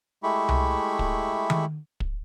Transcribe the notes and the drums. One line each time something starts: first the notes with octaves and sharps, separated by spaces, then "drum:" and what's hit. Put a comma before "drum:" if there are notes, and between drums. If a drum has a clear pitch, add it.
G#3 A3 E4 G4 B5 C#6
drum: tom C2
drum: kick
drum: tom D#3
drum: kick